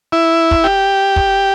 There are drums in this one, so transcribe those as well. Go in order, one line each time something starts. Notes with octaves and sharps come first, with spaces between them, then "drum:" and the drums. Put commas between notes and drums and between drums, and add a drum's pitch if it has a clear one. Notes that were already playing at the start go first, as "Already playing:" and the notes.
E4
drum: kick
G4
drum: kick